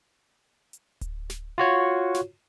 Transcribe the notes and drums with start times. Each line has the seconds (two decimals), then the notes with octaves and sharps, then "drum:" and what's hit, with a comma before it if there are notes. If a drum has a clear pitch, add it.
0.73 drum: hi-hat
1.01 drum: kick D1, hi-hat
1.30 drum: snare
1.58 F4 F#4 C#5
2.14 drum: snare